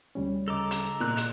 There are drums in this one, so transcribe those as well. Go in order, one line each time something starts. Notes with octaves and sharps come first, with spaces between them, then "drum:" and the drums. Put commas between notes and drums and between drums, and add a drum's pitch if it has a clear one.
D2 G3 C#4
C#3 A4 D#5 A#5 D6
drum: hi-hat
A#2 F#6
drum: hi-hat